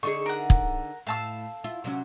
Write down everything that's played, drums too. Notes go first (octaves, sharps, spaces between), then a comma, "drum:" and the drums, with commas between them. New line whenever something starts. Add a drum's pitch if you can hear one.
D3 D#4 G#4 C#6
A#4 F#5
drum: kick
A2 F5 A5 E6
E4 F4
C3 F#3 C#4